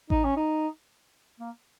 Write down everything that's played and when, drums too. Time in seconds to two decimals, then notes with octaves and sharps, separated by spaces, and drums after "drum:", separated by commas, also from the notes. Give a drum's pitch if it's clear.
0.10 D#4, drum: kick A1
0.24 C#4
0.37 D#4
1.40 A#3